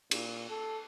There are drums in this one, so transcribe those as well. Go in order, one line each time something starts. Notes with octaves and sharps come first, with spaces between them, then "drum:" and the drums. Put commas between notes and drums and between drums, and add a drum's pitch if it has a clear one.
A#2, drum: cymbal
A4